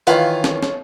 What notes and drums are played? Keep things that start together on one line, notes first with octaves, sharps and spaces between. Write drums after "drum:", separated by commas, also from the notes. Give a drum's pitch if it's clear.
D#3 E3 F4 B4 C#5 F5, drum: hi-hat
drum: snare
drum: snare